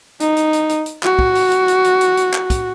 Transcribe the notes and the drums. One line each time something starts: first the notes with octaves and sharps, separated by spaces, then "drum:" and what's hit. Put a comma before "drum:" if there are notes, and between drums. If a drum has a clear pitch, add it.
D#4, drum: hi-hat
drum: hi-hat
drum: hi-hat
drum: hi-hat
drum: hi-hat
F#4, drum: clap
drum: kick
drum: open hi-hat
drum: hi-hat
drum: hi-hat
drum: hi-hat
drum: hi-hat
drum: hi-hat
drum: clap
drum: kick, hi-hat